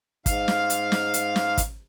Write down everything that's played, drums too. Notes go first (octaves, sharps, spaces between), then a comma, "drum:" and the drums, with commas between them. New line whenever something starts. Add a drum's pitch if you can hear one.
G#2 F5, drum: kick, hi-hat
drum: snare
drum: hi-hat
drum: snare
drum: hi-hat
drum: snare
drum: kick, hi-hat